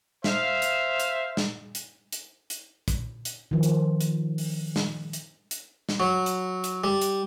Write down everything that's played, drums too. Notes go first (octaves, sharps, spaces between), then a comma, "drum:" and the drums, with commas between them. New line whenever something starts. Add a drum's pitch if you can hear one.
C5 E5 F5, drum: snare
drum: hi-hat
drum: hi-hat
drum: snare
drum: hi-hat
drum: hi-hat
drum: hi-hat
drum: kick, hi-hat
drum: hi-hat
D#3 F3
drum: hi-hat
drum: hi-hat
drum: open hi-hat
drum: snare
drum: hi-hat
drum: hi-hat
drum: snare
F#3
drum: hi-hat
drum: hi-hat
G3
drum: hi-hat